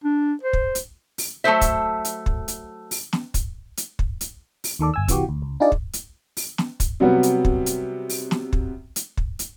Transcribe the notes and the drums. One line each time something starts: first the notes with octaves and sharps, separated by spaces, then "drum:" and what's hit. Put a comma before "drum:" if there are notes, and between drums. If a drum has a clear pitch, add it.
D4
C5
drum: kick
drum: hi-hat
drum: open hi-hat
F#3 A3 G4 A4 C5 E5
drum: kick, hi-hat
drum: hi-hat
drum: kick
drum: hi-hat
drum: open hi-hat
drum: snare
drum: kick, hi-hat
drum: hi-hat
drum: kick
drum: hi-hat
drum: open hi-hat
D#2 D#3 A4 D5
G1 G#5 E6
C3 E3 F#4 G4, drum: kick, hi-hat
D2
C#2
D4 D#4 F4 G#4 D5
drum: kick
drum: hi-hat
drum: open hi-hat
drum: snare
drum: kick, hi-hat
C3 F#3 G3 B3 F#4
drum: hi-hat
drum: kick
drum: hi-hat
drum: open hi-hat
drum: snare
drum: kick
drum: hi-hat
drum: kick
drum: hi-hat